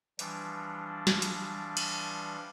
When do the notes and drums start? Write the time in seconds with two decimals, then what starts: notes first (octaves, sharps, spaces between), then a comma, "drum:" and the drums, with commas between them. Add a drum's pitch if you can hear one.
0.19 E3 F3 G3 D4, drum: hi-hat
1.07 drum: snare
1.22 drum: hi-hat
1.77 drum: cymbal